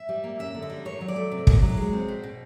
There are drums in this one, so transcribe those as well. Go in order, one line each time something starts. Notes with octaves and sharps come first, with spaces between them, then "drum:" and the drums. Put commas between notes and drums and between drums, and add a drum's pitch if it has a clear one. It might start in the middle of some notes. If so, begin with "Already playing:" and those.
Already playing: E5
G3
A#3
F#2 E5
D3
D#5
G3
D#3 C#5
F#3
D5
A3
C3
D#3, drum: kick
F#3
G#3
C4
B2
B2